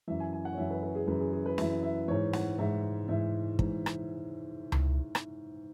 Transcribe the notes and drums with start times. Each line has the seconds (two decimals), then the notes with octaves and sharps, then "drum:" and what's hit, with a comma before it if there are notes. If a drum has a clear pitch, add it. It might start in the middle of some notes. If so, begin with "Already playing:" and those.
0.08 F#2 E3 E5
0.20 G#5
0.33 G#5
0.45 F#5
0.53 C#5
0.58 F#2 E3 E5
0.71 B4
0.83 B4
0.95 G#4
1.07 F#2 E3 B4
1.20 G#4
1.33 G#4
1.46 B4
1.58 F#2 E3 E5, drum: snare
1.83 E5
2.08 G#2 E3 C#5
2.33 F#5, drum: snare
2.59 G#2 E3 E5
3.08 G#2 E3 E5
3.59 G#2 E3, drum: kick
3.86 drum: rim click
4.72 drum: tom C#2
5.15 drum: rim click